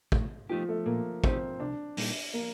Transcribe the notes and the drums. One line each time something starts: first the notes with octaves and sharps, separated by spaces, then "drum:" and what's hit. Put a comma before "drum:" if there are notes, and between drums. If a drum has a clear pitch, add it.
A2, drum: kick
F3 A3 D#4 G4
A3
A#2 A#3
A3 C4 D#4 G4, drum: kick
C2 D4
A#2 G3 A#3 D#4, drum: open hi-hat
A#3